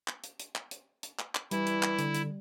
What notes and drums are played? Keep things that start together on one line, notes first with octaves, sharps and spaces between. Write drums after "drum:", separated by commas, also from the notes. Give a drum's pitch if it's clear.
drum: clap
drum: hi-hat
drum: hi-hat
drum: clap
drum: hi-hat
drum: hi-hat
drum: clap
drum: clap
E3 G3 E4, drum: hi-hat
drum: hi-hat
drum: clap
D3, drum: hi-hat
drum: hi-hat